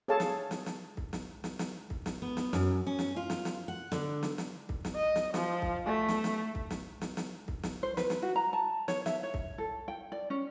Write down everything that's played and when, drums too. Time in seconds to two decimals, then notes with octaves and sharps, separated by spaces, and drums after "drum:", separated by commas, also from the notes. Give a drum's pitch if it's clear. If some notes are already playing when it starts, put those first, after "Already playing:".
0.08 G#4 A4 C#5 F5 A5
0.20 drum: snare
0.51 drum: snare
0.66 drum: snare
0.97 drum: kick C2
1.13 drum: snare
1.44 drum: snare
1.59 drum: snare
1.90 drum: kick C2
2.06 drum: snare
2.22 B3
2.37 drum: snare
2.53 F#2, drum: snare
2.87 C#4
2.99 drum: snare
3.16 F4
3.30 drum: snare
3.45 drum: snare
3.68 F#5
3.92 D3, drum: snare
4.23 drum: snare
4.38 drum: snare
4.69 drum: kick C2
4.85 drum: snare
4.96 D#5
5.16 drum: snare
5.34 F3, drum: snare
5.62 drum: kick C2
5.86 A3
6.08 drum: snare
6.24 drum: snare
6.55 drum: kick C2
6.70 drum: snare
7.01 drum: snare
7.17 drum: snare
7.48 drum: kick C2
7.63 drum: snare
7.83 C5
7.97 B4, drum: snare
8.10 drum: snare
8.22 F#4
8.36 A#5
8.53 A5
8.88 C#5, drum: snare
9.06 E5, drum: snare
9.23 C#5
9.34 drum: kick C2
9.58 A4
9.88 G5
10.12 D5
10.30 C#4